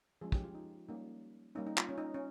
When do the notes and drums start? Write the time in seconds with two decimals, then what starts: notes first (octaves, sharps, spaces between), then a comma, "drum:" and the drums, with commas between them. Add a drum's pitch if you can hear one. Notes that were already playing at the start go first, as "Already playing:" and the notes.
0.21 F3 G#3 C#4 G#4
0.32 G4, drum: kick
0.44 F4
0.55 D#4
0.88 G3 A#3 C#4 D#4
1.55 G3 A#3 C#4 D#4
1.67 D#4
1.77 F4, drum: clap
1.89 C#4
1.98 D#4
2.14 C#4